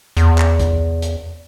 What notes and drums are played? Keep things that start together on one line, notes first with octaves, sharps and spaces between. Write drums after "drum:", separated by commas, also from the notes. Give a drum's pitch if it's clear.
E2, drum: hi-hat
drum: clap
drum: kick, hi-hat
drum: hi-hat